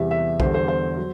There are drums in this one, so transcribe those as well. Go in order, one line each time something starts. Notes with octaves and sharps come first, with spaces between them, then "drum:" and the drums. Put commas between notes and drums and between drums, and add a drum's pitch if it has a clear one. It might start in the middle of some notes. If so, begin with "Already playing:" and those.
Already playing: E2 C3 E3 G3 E5
E5
E2 D3 G3 C5, drum: kick B1
C5
C5
F#3